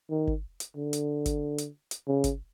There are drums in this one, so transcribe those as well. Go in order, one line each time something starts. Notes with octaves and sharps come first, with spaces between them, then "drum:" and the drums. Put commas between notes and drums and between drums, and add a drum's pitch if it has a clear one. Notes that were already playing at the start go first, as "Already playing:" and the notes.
D#3
drum: kick G1
drum: hi-hat
D3
drum: hi-hat
drum: kick G1, hi-hat
drum: hi-hat
drum: hi-hat
C#3
drum: kick G1, hi-hat